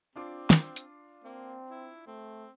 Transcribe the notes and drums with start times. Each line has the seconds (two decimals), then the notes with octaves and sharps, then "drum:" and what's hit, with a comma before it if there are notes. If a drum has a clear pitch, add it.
0.16 C4 D4 F4 D6
0.50 drum: snare
0.76 drum: hi-hat
1.24 A#3 C4
1.70 E4
2.07 A3 C4